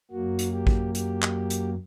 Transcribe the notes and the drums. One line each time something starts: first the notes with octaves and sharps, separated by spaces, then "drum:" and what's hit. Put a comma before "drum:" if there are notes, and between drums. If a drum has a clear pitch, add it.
F#2 F#3 A#3 F#4
drum: hi-hat
G4
drum: kick A1
G4, drum: hi-hat
drum: clap
drum: hi-hat